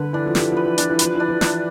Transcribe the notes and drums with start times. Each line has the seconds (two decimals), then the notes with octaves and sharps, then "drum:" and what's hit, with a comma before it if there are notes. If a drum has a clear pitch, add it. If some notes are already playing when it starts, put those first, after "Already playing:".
Already playing: D3 B4
0.13 E3 D4
0.26 F3
0.35 E3 G4, drum: snare
0.52 F3 B4
0.65 E3
0.78 F3 D4, drum: hi-hat
0.90 E3
0.99 F3 B4, drum: hi-hat
1.15 E3 D4
1.29 F3
1.41 E3 D4, drum: snare